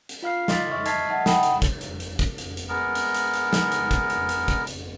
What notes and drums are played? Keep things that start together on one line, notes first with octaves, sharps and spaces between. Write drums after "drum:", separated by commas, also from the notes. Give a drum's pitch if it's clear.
drum: hi-hat
F4 F5 F6 C7
D#5 C6 D6 A6 B6, drum: snare
E5 C#6 F6
D#5 A5 F6 G#6 B6 C7, drum: hi-hat
D#5 E5 F#5 A5
F#5 G5 B5 D#6, drum: snare
drum: hi-hat
drum: kick, hi-hat
drum: hi-hat
drum: hi-hat
drum: kick, hi-hat
drum: hi-hat
drum: hi-hat
G#3 B3 A#4
drum: hi-hat
drum: hi-hat
drum: hi-hat
drum: snare
drum: hi-hat
drum: kick, hi-hat
drum: hi-hat
drum: hi-hat
drum: kick, hi-hat
drum: hi-hat